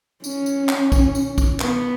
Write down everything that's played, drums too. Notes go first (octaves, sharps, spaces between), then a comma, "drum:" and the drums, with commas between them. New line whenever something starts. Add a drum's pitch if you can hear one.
C#4, drum: tambourine
drum: tambourine
drum: clap
drum: kick, tambourine
drum: tambourine
drum: kick, tambourine
B3, drum: clap